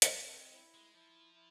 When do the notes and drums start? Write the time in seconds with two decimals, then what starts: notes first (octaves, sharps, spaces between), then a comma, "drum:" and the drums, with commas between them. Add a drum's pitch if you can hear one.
0.02 drum: hi-hat
0.14 A#3 C4
0.34 G#3
0.54 E4
0.74 G#3
0.94 F3 E4
1.34 E4